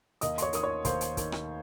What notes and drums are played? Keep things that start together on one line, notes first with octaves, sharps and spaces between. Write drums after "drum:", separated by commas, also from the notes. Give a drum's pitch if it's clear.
D#2 D#5 D#6, drum: hi-hat
C6, drum: hi-hat
C#5 C#6
D#3 D#6, drum: hi-hat
C#5 C#6
D#2 C5 C6, drum: kick, hi-hat
drum: hi-hat
D#3, drum: kick, hi-hat
drum: rim click